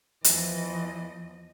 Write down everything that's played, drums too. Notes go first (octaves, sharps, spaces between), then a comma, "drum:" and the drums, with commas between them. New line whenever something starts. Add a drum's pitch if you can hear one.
E2 E3 F3 D#5, drum: hi-hat